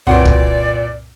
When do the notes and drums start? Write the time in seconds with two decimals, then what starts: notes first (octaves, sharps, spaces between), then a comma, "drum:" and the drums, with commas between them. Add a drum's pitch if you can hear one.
0.07 C2 F#2 A#2 E3 D5 F#5 G5 C6
0.25 drum: kick